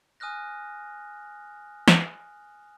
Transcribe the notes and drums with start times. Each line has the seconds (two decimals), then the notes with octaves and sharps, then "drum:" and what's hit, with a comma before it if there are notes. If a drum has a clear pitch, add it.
0.20 G#5 D#6 F6 F#6 A#6
1.88 drum: snare